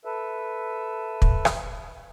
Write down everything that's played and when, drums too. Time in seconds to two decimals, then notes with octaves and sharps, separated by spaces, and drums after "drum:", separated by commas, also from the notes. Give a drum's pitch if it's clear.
0.05 A4 B4 E5
1.22 drum: kick
1.45 drum: rim click